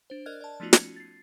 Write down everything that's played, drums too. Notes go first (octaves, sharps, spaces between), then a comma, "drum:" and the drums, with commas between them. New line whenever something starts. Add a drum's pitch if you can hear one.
D4 C5
A#4 D5 D#5 F6 F#6 G#6
D5 A5
F3 A3 B3 D#4 F4 F#4
C#4, drum: snare
A6 C7